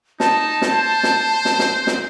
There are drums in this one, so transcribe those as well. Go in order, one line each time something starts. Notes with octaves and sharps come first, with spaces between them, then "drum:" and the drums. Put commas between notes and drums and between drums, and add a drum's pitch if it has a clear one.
D#4 A5, drum: snare
drum: snare
C5
drum: snare
drum: snare
drum: snare
drum: snare